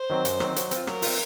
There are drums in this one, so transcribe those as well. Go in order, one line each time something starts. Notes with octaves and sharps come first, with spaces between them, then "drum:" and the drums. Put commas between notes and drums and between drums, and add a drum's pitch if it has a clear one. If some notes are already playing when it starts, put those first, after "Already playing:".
Already playing: C5
D#3 F#3 C4
F#2, drum: hi-hat
D#3 F#3 C4, drum: rim click
F#3, drum: hi-hat
C4 F4, drum: hi-hat
F#3 A#4, drum: rim click
C4 F4, drum: open hi-hat